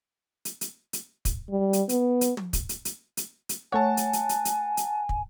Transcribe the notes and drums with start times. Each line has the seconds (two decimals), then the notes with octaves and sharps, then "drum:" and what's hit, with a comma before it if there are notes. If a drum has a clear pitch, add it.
0.45 drum: hi-hat
0.61 drum: hi-hat
0.93 drum: hi-hat
1.25 drum: kick, hi-hat
1.49 G3
1.73 drum: hi-hat
1.89 B3, drum: hi-hat
2.21 drum: hi-hat
2.37 drum: tom
2.53 drum: kick, hi-hat
2.69 drum: hi-hat
2.85 drum: hi-hat
3.17 drum: hi-hat
3.49 drum: hi-hat
3.72 A3 C#5 F#5 G#5 A5
3.97 drum: hi-hat
4.13 drum: hi-hat
4.29 drum: hi-hat
4.45 drum: hi-hat
4.77 drum: hi-hat
5.09 drum: kick